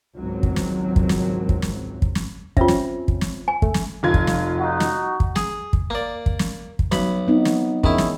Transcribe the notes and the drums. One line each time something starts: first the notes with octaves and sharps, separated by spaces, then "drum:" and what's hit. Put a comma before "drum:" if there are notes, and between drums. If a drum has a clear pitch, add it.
G#1 C#2 G#2 F#3 C4
drum: kick
drum: snare
drum: kick
drum: snare
drum: kick
drum: snare
drum: kick
drum: snare
C4 C#4 F4 E5, drum: kick
drum: snare
drum: kick
drum: snare
G#5
A3, drum: kick
drum: snare
F1 F4 G#6
drum: kick
drum: snare
D#4 F#4
drum: snare
drum: kick
G#4, drum: snare
drum: kick
A#3 D5
drum: kick
drum: snare
drum: kick
B1 B5, drum: snare
B3 C4 D#4
drum: snare
D#3 E3 C#4 E4 G#4, drum: kick
drum: snare